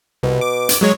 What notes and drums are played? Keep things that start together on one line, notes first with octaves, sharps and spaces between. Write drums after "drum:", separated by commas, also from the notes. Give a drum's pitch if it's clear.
C2 B2
D6
drum: hi-hat
F#3 G#3 C#5